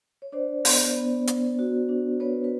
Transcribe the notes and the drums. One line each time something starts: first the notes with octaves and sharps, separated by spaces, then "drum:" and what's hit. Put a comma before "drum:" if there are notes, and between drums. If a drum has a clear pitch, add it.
C#5
D4 C5 D5
B3, drum: open hi-hat
B3
B3, drum: hi-hat
F#4
D4
B3 B4 C#5
B4